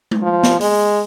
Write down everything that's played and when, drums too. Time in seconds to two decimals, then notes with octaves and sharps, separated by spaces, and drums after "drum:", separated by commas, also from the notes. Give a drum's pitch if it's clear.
0.11 drum: tom G#3
0.22 F3
0.43 drum: snare B3
0.61 G#3, drum: open hi-hat